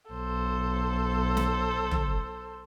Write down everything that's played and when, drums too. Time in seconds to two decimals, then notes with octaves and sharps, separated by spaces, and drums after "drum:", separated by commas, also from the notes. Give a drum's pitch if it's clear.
0.11 B1 A4 C5
1.37 drum: snare
1.91 drum: tom